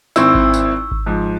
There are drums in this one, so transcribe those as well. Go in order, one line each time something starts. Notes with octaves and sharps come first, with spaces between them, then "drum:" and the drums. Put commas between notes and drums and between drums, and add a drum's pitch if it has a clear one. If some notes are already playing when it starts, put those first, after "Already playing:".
G#1 C4 E4 C#6 E6, drum: tambourine
drum: kick G#1
drum: tambourine
drum: kick G#1
G#2 F3